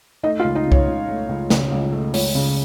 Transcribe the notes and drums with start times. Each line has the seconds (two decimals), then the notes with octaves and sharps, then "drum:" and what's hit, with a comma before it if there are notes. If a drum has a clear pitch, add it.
0.23 A3 D#4 D#5
0.40 F4 F5
0.44 C#2
0.55 D#4 D#5
0.66 C#3
0.72 C#5, drum: kick C2
0.87 C#2
1.08 A3
1.29 C#2
1.50 C#3, drum: snare
1.72 C#2
1.92 A3
2.14 C#2 C#5, drum: open hi-hat
2.35 C#3